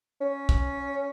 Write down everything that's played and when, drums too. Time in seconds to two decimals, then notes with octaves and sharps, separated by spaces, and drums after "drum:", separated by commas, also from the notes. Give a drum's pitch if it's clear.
0.21 C#4
0.49 drum: kick